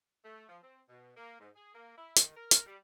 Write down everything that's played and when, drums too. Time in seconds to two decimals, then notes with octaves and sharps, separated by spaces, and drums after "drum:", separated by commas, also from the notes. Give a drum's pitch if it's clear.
0.24 A3
0.49 F3
0.62 C4
0.89 B2
1.17 A#3
1.40 G#2
1.56 G#4
1.75 A#3
1.97 E4
2.17 D#3, drum: hi-hat
2.36 A#4
2.51 drum: hi-hat
2.66 G3